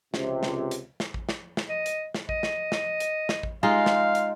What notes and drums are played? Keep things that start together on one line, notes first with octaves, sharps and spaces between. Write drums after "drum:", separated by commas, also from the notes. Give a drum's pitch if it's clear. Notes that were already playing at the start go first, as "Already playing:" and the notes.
C#2 C3, drum: snare
drum: snare
drum: hi-hat
drum: snare
drum: kick A1
drum: snare
drum: snare
D#5
drum: hi-hat
drum: snare
D#5, drum: kick A1
drum: snare
drum: snare
drum: hi-hat
drum: snare
drum: kick A1
G#3 D#4 F4 F5
drum: snare
drum: hi-hat